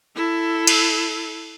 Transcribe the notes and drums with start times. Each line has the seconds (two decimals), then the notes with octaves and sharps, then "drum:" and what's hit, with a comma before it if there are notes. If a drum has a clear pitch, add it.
0.16 E4 A4
0.67 drum: cymbal